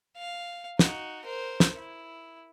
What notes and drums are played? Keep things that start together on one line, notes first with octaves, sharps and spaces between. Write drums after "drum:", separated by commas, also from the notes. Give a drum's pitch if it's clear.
F5
D#4 F#4, drum: snare
A#4 C5
drum: snare
E4